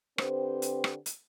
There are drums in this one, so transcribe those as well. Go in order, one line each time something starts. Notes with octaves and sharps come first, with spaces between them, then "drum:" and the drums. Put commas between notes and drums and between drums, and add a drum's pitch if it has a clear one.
D3 C4 G4 B4 C5, drum: rim click
drum: hi-hat
drum: rim click
drum: hi-hat